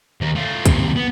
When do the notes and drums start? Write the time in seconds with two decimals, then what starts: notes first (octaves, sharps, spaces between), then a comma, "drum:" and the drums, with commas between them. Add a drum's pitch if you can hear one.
0.21 D#2
0.35 A3 F4
0.66 D#2 C3, drum: kick, hi-hat
0.96 B3